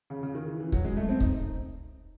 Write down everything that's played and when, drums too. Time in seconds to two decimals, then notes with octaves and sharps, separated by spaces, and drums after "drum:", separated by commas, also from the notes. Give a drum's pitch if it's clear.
0.10 C#3
0.23 C#3
0.35 D#3
0.47 E3
0.60 E3
0.72 F#3, drum: kick
0.85 G#3
0.97 A3
1.09 C4
1.20 D#4, drum: kick